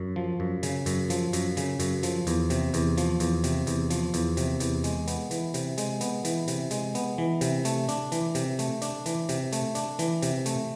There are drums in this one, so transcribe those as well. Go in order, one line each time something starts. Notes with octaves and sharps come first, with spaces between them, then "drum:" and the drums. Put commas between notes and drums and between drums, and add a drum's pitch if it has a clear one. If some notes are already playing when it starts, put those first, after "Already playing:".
Already playing: F#2
F3
F#2
C#3, drum: hi-hat
F#2, drum: hi-hat
F3, drum: hi-hat
F#2, drum: hi-hat
C#3, drum: hi-hat
F#2, drum: hi-hat
F3, drum: hi-hat
E2, drum: hi-hat
C3, drum: hi-hat
E2, drum: hi-hat
F3, drum: hi-hat
E2, drum: hi-hat
C3, drum: hi-hat
E2, drum: hi-hat
F3, drum: hi-hat
E2, drum: hi-hat
C3, drum: hi-hat
E2, drum: hi-hat
G#3, drum: hi-hat
B3, drum: hi-hat
E3, drum: hi-hat
C3, drum: hi-hat
G#3, drum: hi-hat
B3, drum: hi-hat
E3, drum: hi-hat
C3, drum: hi-hat
G#3, drum: hi-hat
B3, drum: hi-hat
E3
C3, drum: hi-hat
A3, drum: hi-hat
D4, drum: hi-hat
E3, drum: hi-hat
C3, drum: hi-hat
A3, drum: hi-hat
D4, drum: hi-hat
E3, drum: hi-hat
C3, drum: hi-hat
A3, drum: hi-hat
D4, drum: hi-hat
E3, drum: hi-hat
C3, drum: hi-hat
A3, drum: hi-hat